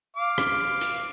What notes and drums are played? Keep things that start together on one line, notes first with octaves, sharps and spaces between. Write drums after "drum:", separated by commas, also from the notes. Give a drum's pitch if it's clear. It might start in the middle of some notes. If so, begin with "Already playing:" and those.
F5 D6
drum: rim click
drum: hi-hat